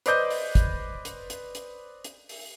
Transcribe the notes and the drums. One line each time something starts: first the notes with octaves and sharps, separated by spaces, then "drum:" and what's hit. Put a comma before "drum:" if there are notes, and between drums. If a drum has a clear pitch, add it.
B4 C5 D5 D#5 D6 G6, drum: hi-hat
drum: open hi-hat
drum: kick, hi-hat
drum: hi-hat
drum: hi-hat
drum: hi-hat
drum: hi-hat
drum: open hi-hat